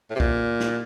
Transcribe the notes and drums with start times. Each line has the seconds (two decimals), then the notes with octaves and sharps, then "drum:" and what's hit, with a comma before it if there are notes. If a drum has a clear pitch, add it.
0.10 A2
0.15 C3
0.20 A#2, drum: kick B1
0.60 drum: snare